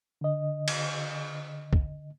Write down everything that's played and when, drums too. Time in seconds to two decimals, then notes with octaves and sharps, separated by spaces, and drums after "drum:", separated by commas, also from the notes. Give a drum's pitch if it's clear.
0.21 D3 D#5
0.68 drum: cymbal
1.73 drum: kick